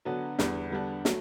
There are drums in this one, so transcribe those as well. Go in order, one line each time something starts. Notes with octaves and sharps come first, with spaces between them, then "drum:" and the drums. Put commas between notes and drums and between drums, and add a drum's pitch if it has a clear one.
D3 F#3 B3 D4
E2 D3 G3 B3, drum: snare
D3 G3 B3 D4
F#3 A3, drum: snare